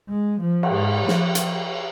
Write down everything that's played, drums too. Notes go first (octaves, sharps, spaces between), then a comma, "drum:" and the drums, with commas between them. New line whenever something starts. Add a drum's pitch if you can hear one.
G#3
F3
drum: cymbal
G#2
F3, drum: snare
drum: hi-hat